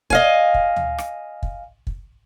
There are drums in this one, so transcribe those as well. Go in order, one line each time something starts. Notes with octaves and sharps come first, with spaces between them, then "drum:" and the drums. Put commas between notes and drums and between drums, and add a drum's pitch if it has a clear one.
D#5 F5 G#5, drum: kick
drum: kick
drum: tom D2
drum: rim click
drum: kick
drum: kick